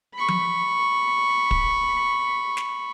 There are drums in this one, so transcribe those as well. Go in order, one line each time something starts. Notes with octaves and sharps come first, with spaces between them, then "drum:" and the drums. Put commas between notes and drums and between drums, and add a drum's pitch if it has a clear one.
B5 C#6
drum: tom F3
drum: kick
drum: snare